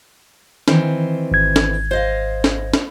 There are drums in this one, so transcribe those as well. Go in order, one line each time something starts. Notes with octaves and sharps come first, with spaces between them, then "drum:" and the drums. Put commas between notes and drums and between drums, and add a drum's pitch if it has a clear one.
D#3 E3 C4, drum: snare
G#1 G#6
drum: snare
C5 D#5 F5
drum: snare
drum: snare